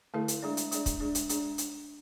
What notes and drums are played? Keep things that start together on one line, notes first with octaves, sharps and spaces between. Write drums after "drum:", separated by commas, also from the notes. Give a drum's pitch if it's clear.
D3 A3 E4 G#4 B4
drum: hi-hat
G#3 D4 G#4 D5
drum: hi-hat
G#3 D4 G#4 D5, drum: hi-hat
drum: kick C#1, hi-hat
G#3 D4 G#4 D5
drum: hi-hat
G#3 D4 G#4 D5, drum: hi-hat
drum: hi-hat